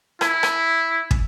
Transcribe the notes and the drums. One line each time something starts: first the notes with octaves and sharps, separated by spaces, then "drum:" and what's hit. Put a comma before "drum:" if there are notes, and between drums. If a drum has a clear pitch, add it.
E4, drum: rim click
drum: rim click
drum: kick